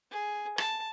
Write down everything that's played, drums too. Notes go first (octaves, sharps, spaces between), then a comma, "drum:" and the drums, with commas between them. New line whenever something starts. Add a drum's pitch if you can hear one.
G#4
A5, drum: rim click